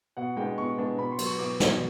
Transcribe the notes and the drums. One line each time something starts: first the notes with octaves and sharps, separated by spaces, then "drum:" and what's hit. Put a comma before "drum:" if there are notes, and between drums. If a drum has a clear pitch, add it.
B2 F#5
G#3 B3 D4 G5
B2 C#6
G#3 B3 D4
B2 B5
C6
F#3 B3, drum: cymbal
C#6
B2 D6
F#3 B3, drum: snare